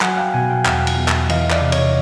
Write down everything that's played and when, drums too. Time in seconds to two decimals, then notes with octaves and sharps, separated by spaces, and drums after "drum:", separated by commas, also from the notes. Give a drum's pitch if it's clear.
0.01 F#3 F#5 G#5, drum: clap
0.17 F5 G5
0.34 B2 F#5 G#5
0.49 F5 G5
0.65 E2 E5 F#5, drum: clap
0.87 drum: cymbal
0.97 E2
1.08 drum: clap
1.29 E3 D#5 F5, drum: cymbal
1.51 D5 E5, drum: clap
1.62 C3
1.72 C#5 D#5, drum: cymbal